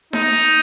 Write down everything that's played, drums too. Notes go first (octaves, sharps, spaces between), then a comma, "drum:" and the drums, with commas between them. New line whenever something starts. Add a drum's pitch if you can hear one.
D#4, drum: snare D#4